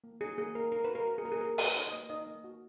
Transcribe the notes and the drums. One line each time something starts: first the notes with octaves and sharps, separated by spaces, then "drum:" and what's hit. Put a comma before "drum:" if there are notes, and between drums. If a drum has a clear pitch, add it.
A#3
D#4 G#4
A#3 G#4
A#3 A#4
D#4 A#4
F#4 B4
A#4
F#4
G#4
A#3 A#4
G#4
A#3 A#4
F#4, drum: open hi-hat
B4
D#4
D#5
A#3
D#4 D#5
A#3
F#4